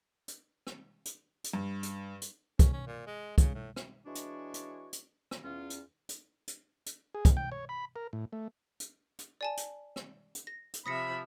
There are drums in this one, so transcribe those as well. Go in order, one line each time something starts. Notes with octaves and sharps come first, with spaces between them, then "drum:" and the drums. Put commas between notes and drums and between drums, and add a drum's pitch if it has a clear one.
drum: hi-hat
drum: rim click
drum: hi-hat
drum: hi-hat
G2
drum: hi-hat
drum: hi-hat
C#4, drum: kick, hi-hat
C#4
A#2
G#3
C#3, drum: kick, hi-hat
A2
drum: rim click
E3 G#3 D4 F#4 C#5 D5
drum: hi-hat
drum: hi-hat
drum: hi-hat
drum: rim click
E2 C#4 F4
drum: hi-hat
drum: hi-hat
drum: hi-hat
drum: hi-hat
G#4
drum: kick, hi-hat
G5
C#5
B5
A#4
A2
A3
drum: hi-hat
drum: hi-hat
D5 G#5 A5
drum: hi-hat
drum: rim click
drum: hi-hat
A#6
drum: hi-hat
C3 F3 E5 B5 D#6 A#6 C#7